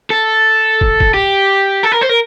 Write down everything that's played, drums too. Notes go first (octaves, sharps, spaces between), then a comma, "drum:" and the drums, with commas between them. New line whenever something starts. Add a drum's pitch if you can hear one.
A4
drum: kick
drum: kick
G4
A4
A#4
C5
A#4